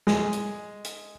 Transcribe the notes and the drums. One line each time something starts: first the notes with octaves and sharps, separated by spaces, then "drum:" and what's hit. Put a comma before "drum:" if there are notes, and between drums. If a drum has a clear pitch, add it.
G#3, drum: snare
drum: hi-hat
drum: hi-hat